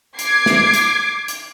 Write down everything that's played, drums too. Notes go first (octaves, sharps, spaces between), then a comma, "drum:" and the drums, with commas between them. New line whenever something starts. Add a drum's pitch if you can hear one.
D6 G#6 C7, drum: hi-hat
drum: snare
drum: hi-hat
drum: hi-hat